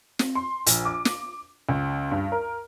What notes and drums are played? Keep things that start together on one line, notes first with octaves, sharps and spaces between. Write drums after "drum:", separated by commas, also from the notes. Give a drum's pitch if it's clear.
C4, drum: snare
C6
A#1, drum: hi-hat
D6
drum: snare
C#2
G2
A#4